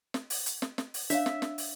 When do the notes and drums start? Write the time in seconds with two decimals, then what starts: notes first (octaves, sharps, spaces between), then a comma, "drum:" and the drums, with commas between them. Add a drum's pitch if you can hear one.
0.14 drum: snare
0.30 drum: open hi-hat
0.46 drum: hi-hat
0.62 drum: snare
0.78 drum: snare
0.94 drum: open hi-hat
1.10 D4 C#5 E5 F5, drum: hi-hat
1.26 drum: snare
1.42 drum: snare
1.58 drum: open hi-hat